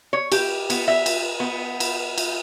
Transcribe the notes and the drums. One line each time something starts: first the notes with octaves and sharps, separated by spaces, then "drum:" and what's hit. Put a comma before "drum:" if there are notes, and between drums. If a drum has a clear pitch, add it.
C#5
G4, drum: cymbal
B3, drum: cymbal
E5
drum: cymbal
B3
drum: cymbal
drum: cymbal